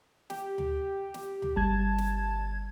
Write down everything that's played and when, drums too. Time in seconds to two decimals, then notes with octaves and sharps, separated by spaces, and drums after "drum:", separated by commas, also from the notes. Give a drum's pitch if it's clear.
0.30 G4, drum: snare
0.58 drum: tom D2
1.14 drum: snare
1.42 drum: tom D2
1.56 G1 G3 A5 G#6
1.98 drum: snare